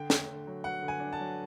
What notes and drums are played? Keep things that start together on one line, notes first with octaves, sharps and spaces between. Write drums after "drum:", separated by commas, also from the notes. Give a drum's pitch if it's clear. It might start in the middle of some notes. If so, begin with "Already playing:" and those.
Already playing: D3 G5
A3, drum: snare
D3
F#3
F#3 F#5
D3
G#5
D4
A5
F#3